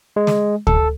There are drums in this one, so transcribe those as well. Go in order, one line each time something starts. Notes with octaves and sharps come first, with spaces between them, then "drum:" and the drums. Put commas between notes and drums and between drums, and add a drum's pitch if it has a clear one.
G#3
drum: snare
A4, drum: kick